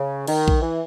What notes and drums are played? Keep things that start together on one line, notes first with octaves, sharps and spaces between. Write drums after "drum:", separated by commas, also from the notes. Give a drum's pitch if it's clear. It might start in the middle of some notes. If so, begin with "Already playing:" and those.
Already playing: C#3
D#3, drum: cymbal
drum: kick A#1
E3